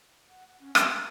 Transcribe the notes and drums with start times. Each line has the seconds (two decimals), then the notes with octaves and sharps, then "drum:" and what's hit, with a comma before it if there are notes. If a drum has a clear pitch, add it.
0.29 F#5
0.47 F#5
0.60 C#4
0.75 G5, drum: rim click
0.93 A#5